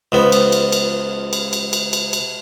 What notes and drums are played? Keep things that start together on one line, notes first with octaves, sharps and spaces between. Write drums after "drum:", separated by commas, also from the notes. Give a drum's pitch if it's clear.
C#2 F3 B3
drum: cymbal
drum: cymbal
drum: cymbal
drum: cymbal
drum: cymbal
drum: cymbal
drum: cymbal
drum: cymbal